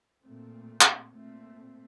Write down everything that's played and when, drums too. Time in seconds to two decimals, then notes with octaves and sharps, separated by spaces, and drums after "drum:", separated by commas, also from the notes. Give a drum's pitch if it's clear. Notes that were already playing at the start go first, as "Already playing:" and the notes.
0.22 A#2 A3 C4
0.81 drum: clap
1.10 A#2 A3 C4